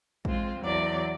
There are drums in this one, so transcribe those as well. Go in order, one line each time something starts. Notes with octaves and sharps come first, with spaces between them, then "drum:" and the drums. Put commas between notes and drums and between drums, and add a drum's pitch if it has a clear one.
G#3 C4 F4, drum: kick A1
E2 F#3 D5